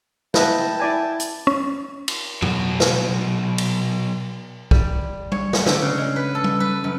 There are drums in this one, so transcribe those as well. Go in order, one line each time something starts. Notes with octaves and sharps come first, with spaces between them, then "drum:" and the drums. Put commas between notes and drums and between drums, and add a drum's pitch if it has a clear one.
E4 B4 D#5 G5 A5, drum: snare
E4 D5 G#5
drum: hi-hat
C#4
drum: cymbal
B2 F#3, drum: tom F2
drum: snare
drum: cymbal
G3, drum: kick
C#5, drum: tom G3
drum: snare
D3, drum: snare
C#3
G#3
B4
A4
drum: tom G3
B4
F#2